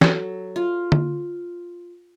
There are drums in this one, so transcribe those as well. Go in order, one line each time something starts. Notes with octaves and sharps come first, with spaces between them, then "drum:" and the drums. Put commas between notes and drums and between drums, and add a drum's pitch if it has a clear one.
F#3 A4, drum: snare
F4
drum: tom D3